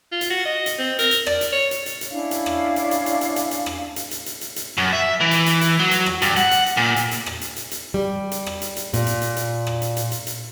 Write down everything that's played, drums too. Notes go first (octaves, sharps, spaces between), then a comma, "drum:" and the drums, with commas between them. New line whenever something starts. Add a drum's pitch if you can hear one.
F4
drum: hi-hat
F#4
D#5
drum: hi-hat
C4
A#4, drum: hi-hat
drum: hi-hat
D5, drum: rim click
drum: hi-hat
C#5
drum: hi-hat
drum: hi-hat
drum: hi-hat
C#4 D4 E4 F5
drum: hi-hat
drum: rim click
drum: hi-hat
drum: hi-hat
drum: hi-hat
drum: hi-hat
drum: hi-hat
drum: hi-hat
drum: rim click
drum: hi-hat
drum: hi-hat
drum: hi-hat
drum: hi-hat
drum: hi-hat
F#2
E5
E3
drum: hi-hat
drum: hi-hat
drum: hi-hat
F#3
drum: hi-hat
drum: rim click
G2, drum: hi-hat
F#5, drum: hi-hat
drum: hi-hat
drum: hi-hat
A#2
drum: hi-hat
drum: hi-hat
drum: rim click
drum: hi-hat
drum: hi-hat
drum: hi-hat
G3
drum: hi-hat
drum: rim click
drum: hi-hat
drum: hi-hat
A#2, drum: hi-hat
drum: hi-hat
drum: hi-hat
drum: hi-hat
drum: rim click
drum: hi-hat
drum: hi-hat
drum: hi-hat
drum: hi-hat